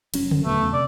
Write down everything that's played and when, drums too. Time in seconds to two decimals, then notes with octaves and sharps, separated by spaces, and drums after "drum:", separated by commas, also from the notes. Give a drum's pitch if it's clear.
0.14 F1 F#2 C#4, drum: cymbal
0.31 drum: tom C#3
0.44 D#1 F#2 A3 B3
0.61 E2 C#3
0.74 C3 D5